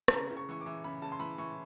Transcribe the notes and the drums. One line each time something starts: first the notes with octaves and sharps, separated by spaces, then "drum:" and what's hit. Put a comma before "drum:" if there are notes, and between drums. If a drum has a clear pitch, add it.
A5, drum: rim click
C#3 A#5
C#3
C#6
E3 C#6
D6
E3
C#3 B5
C#3 A5
C6
E3 B5
E3 C#6